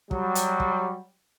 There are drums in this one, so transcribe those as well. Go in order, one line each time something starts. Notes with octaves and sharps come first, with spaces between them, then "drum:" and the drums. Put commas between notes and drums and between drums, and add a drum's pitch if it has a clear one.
F#3 G3, drum: kick
drum: hi-hat
drum: kick